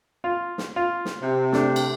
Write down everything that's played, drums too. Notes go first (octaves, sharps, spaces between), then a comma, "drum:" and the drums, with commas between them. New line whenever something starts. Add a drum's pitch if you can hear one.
F4
drum: snare
F4
drum: snare
C3
A3 D4, drum: snare
drum: cymbal